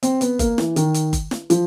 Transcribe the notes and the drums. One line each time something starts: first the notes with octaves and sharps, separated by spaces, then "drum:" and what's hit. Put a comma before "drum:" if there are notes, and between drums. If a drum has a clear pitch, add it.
C4, drum: hi-hat
B3, drum: hi-hat
A#3, drum: kick F#1, hi-hat
E3, drum: snare
D#3, drum: hi-hat
drum: hi-hat
drum: kick F#1, hi-hat
drum: snare
F3, drum: hi-hat